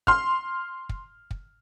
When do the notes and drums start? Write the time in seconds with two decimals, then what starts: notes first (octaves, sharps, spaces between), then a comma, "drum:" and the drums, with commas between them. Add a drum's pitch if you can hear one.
0.07 C6 F6, drum: kick
0.89 drum: kick
1.31 drum: kick